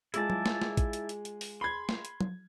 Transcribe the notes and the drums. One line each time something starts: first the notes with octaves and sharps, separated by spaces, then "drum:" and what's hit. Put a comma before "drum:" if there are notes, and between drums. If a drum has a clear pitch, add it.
G#3 E4 F4 G#4 D5 G#5 A5, drum: hi-hat
drum: tom F#3
drum: snare
drum: snare
drum: kick, hi-hat
drum: hi-hat
drum: hi-hat
drum: hi-hat
drum: open hi-hat
B5 C6 G#6
drum: snare
drum: hi-hat
drum: tom F#3